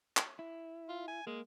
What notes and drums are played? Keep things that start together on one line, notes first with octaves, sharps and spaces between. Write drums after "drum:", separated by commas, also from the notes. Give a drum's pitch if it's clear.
drum: clap
E4
F4
G#5
G#3 A#3